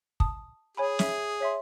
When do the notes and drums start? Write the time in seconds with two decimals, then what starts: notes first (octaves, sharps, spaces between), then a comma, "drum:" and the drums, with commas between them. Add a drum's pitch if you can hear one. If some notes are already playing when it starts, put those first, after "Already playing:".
0.20 A5 D#6, drum: kick
0.77 G#4 C#5 G#5 B5
0.99 E5, drum: snare
1.40 C#5 E5 C6